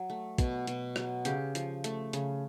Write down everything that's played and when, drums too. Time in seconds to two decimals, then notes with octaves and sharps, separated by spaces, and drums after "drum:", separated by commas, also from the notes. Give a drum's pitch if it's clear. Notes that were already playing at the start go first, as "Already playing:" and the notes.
Already playing: F#3
0.10 A3
0.38 B2, drum: kick, hi-hat
0.67 B2, drum: hi-hat
0.96 F#3, drum: rim click
1.25 C#3 G4, drum: hi-hat
1.55 F3, drum: hi-hat
1.84 A3, drum: hi-hat
2.13 C#3, drum: hi-hat